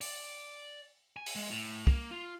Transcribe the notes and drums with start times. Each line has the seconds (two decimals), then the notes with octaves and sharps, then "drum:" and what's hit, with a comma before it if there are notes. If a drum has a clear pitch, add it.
0.01 D5, drum: open hi-hat
1.16 G#5
1.26 drum: open hi-hat
1.36 G#3
1.50 A2
1.87 A#3, drum: kick
2.11 F4